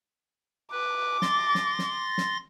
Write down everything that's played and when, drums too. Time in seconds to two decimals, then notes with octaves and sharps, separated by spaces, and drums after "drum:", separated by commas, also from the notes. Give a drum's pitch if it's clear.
0.72 B4 D6
1.22 C6 A6 A#6, drum: snare
1.55 drum: snare
1.79 drum: snare
2.18 drum: snare